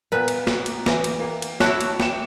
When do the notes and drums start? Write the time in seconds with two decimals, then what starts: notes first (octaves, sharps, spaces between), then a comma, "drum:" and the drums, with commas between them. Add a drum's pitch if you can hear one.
0.12 A#2 B3 A#4 B4
0.28 drum: cymbal
0.47 drum: snare
0.66 drum: cymbal
0.86 E3 A#5, drum: snare
1.04 drum: cymbal
1.20 A#3
1.42 drum: cymbal
1.60 E4 F#4 C#5 A5 F#6, drum: snare
1.81 drum: cymbal
2.00 G5 C#7 E7, drum: snare